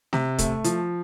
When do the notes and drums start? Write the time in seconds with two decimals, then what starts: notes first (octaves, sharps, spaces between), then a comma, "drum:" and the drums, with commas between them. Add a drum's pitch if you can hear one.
0.13 C3, drum: snare A3
0.38 A3, drum: kick, hi-hat
0.64 F3, drum: hi-hat